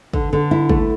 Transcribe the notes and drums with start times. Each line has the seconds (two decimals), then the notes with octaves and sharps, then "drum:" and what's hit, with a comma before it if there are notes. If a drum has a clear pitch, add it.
0.13 D3, drum: kick
0.33 D3
0.51 E4
0.69 A3, drum: kick